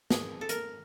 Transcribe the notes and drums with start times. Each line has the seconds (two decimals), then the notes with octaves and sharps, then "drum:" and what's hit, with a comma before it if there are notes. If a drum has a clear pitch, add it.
0.10 G#4, drum: snare
0.41 A4
0.49 A#4, drum: hi-hat